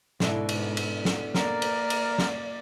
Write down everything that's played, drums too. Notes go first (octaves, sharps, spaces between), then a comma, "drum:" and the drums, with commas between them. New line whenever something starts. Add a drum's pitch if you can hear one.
G#2 B2 D3 E4, drum: snare
drum: cymbal
drum: cymbal
drum: snare
A#3 A#4 D5, drum: snare
drum: cymbal
drum: cymbal
drum: snare